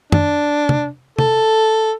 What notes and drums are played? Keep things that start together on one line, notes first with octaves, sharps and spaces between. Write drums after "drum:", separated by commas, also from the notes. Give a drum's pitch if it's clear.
D4, drum: tom F#2
drum: tom C3
A4, drum: tom C3